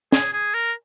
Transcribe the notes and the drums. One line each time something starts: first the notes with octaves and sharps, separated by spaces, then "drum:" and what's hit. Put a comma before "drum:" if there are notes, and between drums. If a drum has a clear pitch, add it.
G#4, drum: snare
G#4
A#4